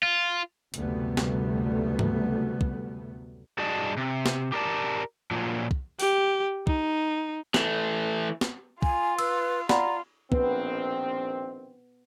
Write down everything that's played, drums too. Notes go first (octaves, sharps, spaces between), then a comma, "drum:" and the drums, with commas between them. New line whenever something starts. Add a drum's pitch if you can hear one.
F4
F#1 D2 C3 G3 A3 B3, drum: hi-hat
drum: snare
drum: tom G#2
drum: kick
G2 F#4 G#4 D5 D#5 A5
C3
drum: snare
G4 A#4 D5 A5
A#2 F3 F#3
drum: kick
G4, drum: open hi-hat
D#4, drum: kick
E3 A3, drum: snare
drum: snare
F4 G#5, drum: kick
B4 E6, drum: cymbal
F4 D5 F#5 A#5 B5, drum: snare
A#1 D#3 B3 C4, drum: kick